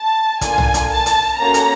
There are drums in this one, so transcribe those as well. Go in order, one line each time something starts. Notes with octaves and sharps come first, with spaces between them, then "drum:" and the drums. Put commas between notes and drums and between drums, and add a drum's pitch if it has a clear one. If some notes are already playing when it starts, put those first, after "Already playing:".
Already playing: A5
A#3 D4 F4 A4 G#5, drum: kick, hi-hat
drum: tom
drum: hi-hat
A5
drum: hi-hat
A#3 C#4 F#4 A4 A#5
drum: hi-hat